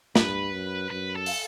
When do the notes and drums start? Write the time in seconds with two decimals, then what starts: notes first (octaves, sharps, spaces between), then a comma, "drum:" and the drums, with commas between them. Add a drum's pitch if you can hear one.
0.16 G2 B4, drum: snare
0.53 F#2
0.90 F#2 B4
1.16 A4
1.26 drum: open hi-hat